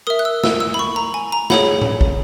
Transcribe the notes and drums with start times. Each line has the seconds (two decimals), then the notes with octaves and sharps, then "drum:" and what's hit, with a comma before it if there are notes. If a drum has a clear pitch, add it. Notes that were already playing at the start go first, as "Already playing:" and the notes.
0.07 A#4 E5 D#6
0.19 F#6
0.25 E6
0.44 E6, drum: snare
0.60 E6
0.74 B5
0.79 C#6
0.96 A#5
1.14 G#5
1.32 A#5
1.50 G#4 C#5 F#5 B5, drum: snare
1.81 drum: tom A2
2.01 drum: kick